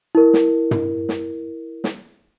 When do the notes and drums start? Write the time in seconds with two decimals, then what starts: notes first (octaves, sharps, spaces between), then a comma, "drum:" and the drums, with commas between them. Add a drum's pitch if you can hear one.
0.15 E4 A#4
0.33 drum: snare
0.71 drum: tom
1.09 drum: snare
1.84 drum: snare